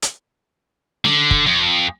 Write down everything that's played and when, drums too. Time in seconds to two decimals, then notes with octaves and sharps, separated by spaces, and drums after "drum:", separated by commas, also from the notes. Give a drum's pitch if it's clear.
0.02 drum: hi-hat
1.05 D3, drum: snare
1.31 drum: kick
1.46 F2